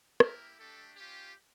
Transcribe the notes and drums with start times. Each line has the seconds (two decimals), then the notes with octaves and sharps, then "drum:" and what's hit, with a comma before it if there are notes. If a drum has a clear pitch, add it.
0.20 A#3 E4 G4 A#4, drum: rim click
0.57 A3 D4 G4 A4
0.95 C#4 F4 G4